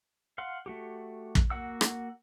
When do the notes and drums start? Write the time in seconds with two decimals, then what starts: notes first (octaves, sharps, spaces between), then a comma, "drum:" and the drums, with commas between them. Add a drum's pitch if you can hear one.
0.38 F5 F#5 C6
0.66 A3 F#4 G4
1.35 drum: kick
1.50 A#3 F#4 F#5 E6
1.81 drum: rim click